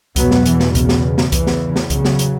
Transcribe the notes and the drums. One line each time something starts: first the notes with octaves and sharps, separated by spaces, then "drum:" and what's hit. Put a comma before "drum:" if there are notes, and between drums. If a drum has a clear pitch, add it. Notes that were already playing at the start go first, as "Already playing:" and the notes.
E2 B2 F#3 B3, drum: kick C2, hi-hat
drum: snare
E3, drum: hi-hat
drum: snare
C#3, drum: kick C2, hi-hat
drum: snare
drum: snare
E2 C#3 E3, drum: kick C2, hi-hat
drum: snare
drum: snare
C#3 F#3, drum: kick C2, hi-hat
drum: snare
drum: hi-hat